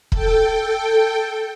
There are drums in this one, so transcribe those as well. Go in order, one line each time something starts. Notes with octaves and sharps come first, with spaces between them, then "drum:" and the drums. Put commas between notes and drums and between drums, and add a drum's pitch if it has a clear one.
A4 G5, drum: kick